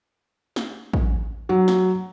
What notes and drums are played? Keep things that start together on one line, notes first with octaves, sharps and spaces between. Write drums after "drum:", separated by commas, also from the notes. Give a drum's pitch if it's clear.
drum: snare
drum: kick
F#3
drum: snare